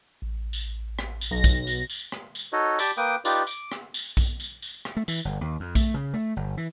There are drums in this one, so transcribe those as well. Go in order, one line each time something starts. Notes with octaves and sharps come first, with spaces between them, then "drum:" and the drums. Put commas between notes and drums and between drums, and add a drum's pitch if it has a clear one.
A1
drum: tambourine
drum: rim click
drum: tambourine
B1 A#6
drum: kick A#1, tambourine
drum: tambourine
drum: tambourine
drum: rim click
drum: tambourine
D#4 F#4 A4 C#5 D#5
G4 D5 G5 A5 B5, drum: tambourine
A#3 B4 G5 D6 D#6
D#4 F4 G4 B4 D5, drum: tambourine
D6, drum: tambourine
drum: rim click
drum: tambourine
drum: kick A#1, tambourine
drum: tambourine
drum: tambourine
drum: rim click
A3
E3, drum: tambourine
G1
D#2
F2
A3, drum: kick A#1, tambourine
C#3
A3
G1
E3